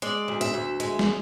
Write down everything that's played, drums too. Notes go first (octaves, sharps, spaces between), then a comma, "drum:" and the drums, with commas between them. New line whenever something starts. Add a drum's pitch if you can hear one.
G#3 D5, drum: hi-hat
D2
E5, drum: hi-hat
D2
G#3, drum: hi-hat
drum: snare